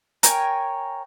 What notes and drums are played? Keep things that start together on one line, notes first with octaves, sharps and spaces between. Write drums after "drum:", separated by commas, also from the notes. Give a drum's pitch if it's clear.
A#4 C#5 G5 G#5, drum: hi-hat